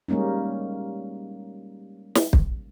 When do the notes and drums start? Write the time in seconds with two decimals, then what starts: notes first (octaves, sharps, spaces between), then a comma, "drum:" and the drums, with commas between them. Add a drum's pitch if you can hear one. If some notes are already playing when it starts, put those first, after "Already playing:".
0.08 G3 G#3 A#3 C#4 D#4
2.15 drum: snare
2.33 drum: kick